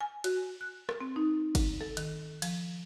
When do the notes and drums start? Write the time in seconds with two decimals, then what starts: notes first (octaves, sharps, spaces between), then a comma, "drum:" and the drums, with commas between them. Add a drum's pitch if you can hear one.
0.01 G#5
0.24 F#4, drum: cymbal
0.61 F#6
0.89 drum: rim click
1.01 C4
1.16 D#4
1.55 drum: kick G1, cymbal
1.81 A4
1.97 D#3, drum: cymbal
2.42 F3, drum: cymbal